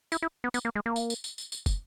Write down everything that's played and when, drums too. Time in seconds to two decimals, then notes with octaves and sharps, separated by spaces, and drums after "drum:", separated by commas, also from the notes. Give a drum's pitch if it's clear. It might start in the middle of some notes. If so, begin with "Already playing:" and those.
0.12 E4, drum: tambourine
0.22 E4
0.44 B3
0.54 B3, drum: tambourine
0.65 A#3
0.75 G#3
0.86 A#3
0.96 drum: tambourine
1.10 drum: tambourine
1.24 drum: tambourine
1.38 drum: tambourine
1.52 drum: tambourine
1.66 drum: kick, tambourine